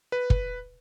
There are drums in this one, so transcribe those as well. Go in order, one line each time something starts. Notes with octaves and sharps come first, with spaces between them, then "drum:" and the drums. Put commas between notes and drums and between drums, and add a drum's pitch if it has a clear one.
B4
drum: kick